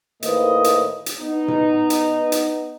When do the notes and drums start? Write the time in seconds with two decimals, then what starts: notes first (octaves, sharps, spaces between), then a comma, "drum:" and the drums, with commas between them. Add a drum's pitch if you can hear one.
0.22 A2 D#3 A#3 B4 C5 D#5, drum: hi-hat
0.64 drum: hi-hat
1.06 drum: hi-hat
1.20 B3 D#4
1.48 drum: tom A2
1.90 drum: hi-hat
2.32 drum: hi-hat